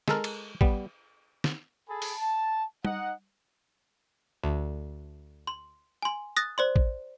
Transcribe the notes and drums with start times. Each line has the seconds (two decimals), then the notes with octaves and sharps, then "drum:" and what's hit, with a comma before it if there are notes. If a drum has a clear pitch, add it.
0.08 G#3 A4 A#4, drum: snare
0.24 drum: cymbal
0.61 G3 B3, drum: kick A1
1.44 drum: snare
1.88 G#4 A4 G#5 A5 B5
2.02 drum: open hi-hat
2.17 A5
2.85 D#4 D#5 F#5, drum: tom G3
4.44 D2
5.47 C6
6.02 G#5 C6
6.37 D#6 F#6 A6 A#6
6.58 C5 D5 C6
6.76 drum: kick A1